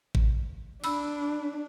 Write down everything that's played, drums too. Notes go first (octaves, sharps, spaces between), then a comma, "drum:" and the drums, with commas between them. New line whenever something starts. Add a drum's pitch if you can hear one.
drum: kick G#1
D4 B5 E6, drum: cymbal